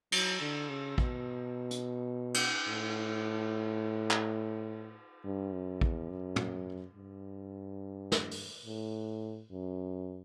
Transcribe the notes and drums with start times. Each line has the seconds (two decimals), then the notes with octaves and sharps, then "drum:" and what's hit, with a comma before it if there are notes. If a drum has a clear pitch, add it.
0.12 F#3, drum: cymbal
0.41 D3
0.69 C#3
0.98 B2, drum: kick
1.71 drum: hi-hat
2.34 drum: cymbal
2.68 A2
4.11 drum: clap
5.25 G2
5.53 F#2
5.81 E2, drum: kick
6.10 F#2
6.36 drum: tom
6.95 G2
8.12 drum: snare
8.31 drum: open hi-hat
8.66 A2
9.51 F#2